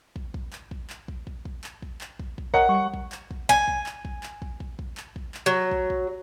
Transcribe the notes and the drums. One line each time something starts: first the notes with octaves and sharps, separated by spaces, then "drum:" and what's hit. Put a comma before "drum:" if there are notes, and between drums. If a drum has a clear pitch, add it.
drum: kick
drum: kick
drum: clap
drum: kick
drum: clap
drum: kick
drum: kick
drum: kick
drum: clap
drum: kick
drum: clap
drum: kick
drum: kick
A#4 C#5 D#5 F#5, drum: kick
G3 C#6
drum: kick
drum: clap
drum: kick
G#5, drum: kick
drum: kick
drum: clap
drum: kick
drum: clap
drum: kick
drum: kick
drum: kick
drum: clap
drum: kick
drum: clap
F#3
drum: kick
drum: kick